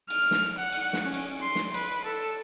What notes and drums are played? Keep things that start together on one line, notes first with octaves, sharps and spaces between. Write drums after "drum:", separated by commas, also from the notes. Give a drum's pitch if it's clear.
F6, drum: cymbal
drum: snare
F#5
drum: cymbal
drum: snare
C#4
drum: cymbal
C6
drum: snare
B4, drum: cymbal
A4